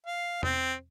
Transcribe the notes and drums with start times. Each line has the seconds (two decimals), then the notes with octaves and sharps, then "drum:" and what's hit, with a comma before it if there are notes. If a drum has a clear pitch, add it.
0.06 F5
0.43 C4, drum: tom E2